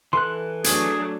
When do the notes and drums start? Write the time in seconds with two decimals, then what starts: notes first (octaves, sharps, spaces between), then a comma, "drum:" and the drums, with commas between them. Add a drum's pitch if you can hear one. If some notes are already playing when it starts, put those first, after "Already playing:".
0.13 E3 A4 C6 F#6
0.64 F#3 A3 D4 G#4, drum: hi-hat